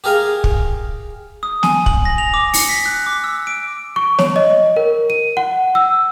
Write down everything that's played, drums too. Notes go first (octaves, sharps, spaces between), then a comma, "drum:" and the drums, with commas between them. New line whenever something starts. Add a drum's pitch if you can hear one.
G4 G#4 A#4 F5 G#5
drum: kick
D#6
G#5, drum: snare
F#7, drum: kick
A#6
F7
D6
C#7, drum: open hi-hat
B6
F#6
D6
E6
D7
C#6
C#5, drum: snare
D#5
A#4
D#7
F#5
E6